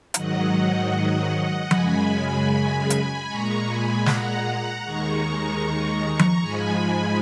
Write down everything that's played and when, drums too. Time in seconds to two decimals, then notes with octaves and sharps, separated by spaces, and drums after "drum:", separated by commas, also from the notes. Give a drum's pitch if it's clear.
0.14 G#2 D#3 F#3 D#5 F#5, drum: hi-hat
1.71 F#2 C#3 G#3 G#5 B5, drum: tom F3
2.90 drum: hi-hat
3.28 A#2 G#3 A#5 C#6
3.67 G#5 B5
4.06 F#5 A#5, drum: snare
4.85 D#2 D#3 G#3 A#5 C#6
6.19 drum: tom F3
6.42 G#2 F3 G#3 G#5 B5